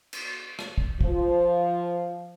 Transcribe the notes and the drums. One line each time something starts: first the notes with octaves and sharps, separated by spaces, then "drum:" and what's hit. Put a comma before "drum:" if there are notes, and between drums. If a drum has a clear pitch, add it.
drum: cymbal
drum: rim click
drum: kick
F3, drum: kick